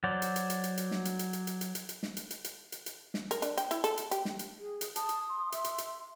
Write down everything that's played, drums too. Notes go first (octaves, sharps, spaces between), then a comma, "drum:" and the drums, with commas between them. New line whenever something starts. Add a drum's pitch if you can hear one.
F#3 F#4 C5 D5
drum: hi-hat
drum: hi-hat
drum: hi-hat
drum: hi-hat
drum: hi-hat
drum: snare
drum: hi-hat
drum: hi-hat
drum: hi-hat
drum: hi-hat
drum: hi-hat
drum: hi-hat
drum: hi-hat
drum: snare
drum: hi-hat
drum: hi-hat
drum: hi-hat
drum: hi-hat
drum: hi-hat
drum: snare
A#4, drum: hi-hat
D4, drum: hi-hat
G5, drum: hi-hat
E4, drum: hi-hat
A4, drum: hi-hat
drum: hi-hat
G4, drum: hi-hat
drum: snare
drum: hi-hat
G#4
drum: hi-hat
A5 D#6, drum: hi-hat
drum: hi-hat
C6
E5, drum: hi-hat
drum: hi-hat
drum: hi-hat